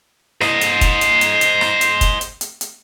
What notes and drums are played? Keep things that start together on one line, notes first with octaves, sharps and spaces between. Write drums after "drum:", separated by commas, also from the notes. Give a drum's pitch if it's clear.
C5 D#5, drum: rim click
drum: hi-hat
drum: kick, hi-hat
drum: hi-hat
drum: hi-hat
drum: hi-hat
drum: rim click
drum: hi-hat
drum: kick, hi-hat
drum: hi-hat
drum: hi-hat
drum: hi-hat